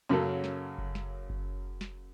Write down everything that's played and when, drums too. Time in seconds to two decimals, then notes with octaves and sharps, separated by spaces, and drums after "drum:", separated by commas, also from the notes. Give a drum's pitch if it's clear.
0.09 F#2 C#3 F#3 A#3 A4
0.44 drum: snare
0.78 drum: kick F#1
0.95 drum: snare
1.29 drum: kick F#1
1.81 drum: snare